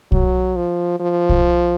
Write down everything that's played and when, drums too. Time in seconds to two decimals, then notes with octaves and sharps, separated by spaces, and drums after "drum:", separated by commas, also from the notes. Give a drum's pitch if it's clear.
0.12 F#3, drum: kick
0.56 F3
1.00 F3
1.29 drum: kick